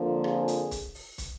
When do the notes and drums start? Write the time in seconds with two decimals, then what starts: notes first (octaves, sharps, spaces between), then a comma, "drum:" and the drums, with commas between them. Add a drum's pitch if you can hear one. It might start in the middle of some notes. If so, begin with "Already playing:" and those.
Already playing: F2 D3 F3 A#3
0.24 G#4, drum: rim click
0.48 drum: hi-hat
0.71 drum: kick, hi-hat
0.95 drum: open hi-hat
1.18 drum: kick, hi-hat